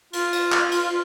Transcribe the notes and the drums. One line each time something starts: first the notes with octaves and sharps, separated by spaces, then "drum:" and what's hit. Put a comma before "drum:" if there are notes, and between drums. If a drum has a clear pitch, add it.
F4, drum: cymbal
drum: cymbal
drum: clap
drum: cymbal